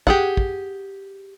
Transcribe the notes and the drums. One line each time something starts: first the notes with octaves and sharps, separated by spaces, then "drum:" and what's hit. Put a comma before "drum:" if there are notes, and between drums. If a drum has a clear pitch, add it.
G4 G#4 F#5, drum: kick
drum: kick